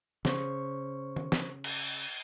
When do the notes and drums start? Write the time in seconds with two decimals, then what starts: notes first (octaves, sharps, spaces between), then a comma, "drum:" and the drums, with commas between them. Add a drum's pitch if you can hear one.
0.25 C#3 C5 C#6, drum: snare
1.16 drum: tom D#3
1.32 drum: snare
1.64 drum: cymbal